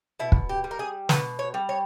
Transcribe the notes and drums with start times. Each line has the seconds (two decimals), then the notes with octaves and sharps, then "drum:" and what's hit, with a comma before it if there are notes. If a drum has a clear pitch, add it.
0.19 B2 E4
0.32 drum: kick
0.49 G4
0.64 G3
0.71 A#4
0.79 G#4
1.09 B2 B4, drum: snare
1.39 C#5
1.54 G3
1.69 C#5